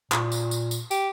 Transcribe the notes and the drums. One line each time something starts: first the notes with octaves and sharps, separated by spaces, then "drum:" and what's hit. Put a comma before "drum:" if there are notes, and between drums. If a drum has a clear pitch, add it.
A#2, drum: clap
drum: tambourine
drum: tambourine
drum: tambourine
G4, drum: tambourine